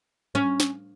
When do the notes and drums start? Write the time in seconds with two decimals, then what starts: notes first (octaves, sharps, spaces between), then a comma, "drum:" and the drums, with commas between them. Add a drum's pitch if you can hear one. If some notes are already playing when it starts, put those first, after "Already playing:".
0.35 C#4
0.60 drum: snare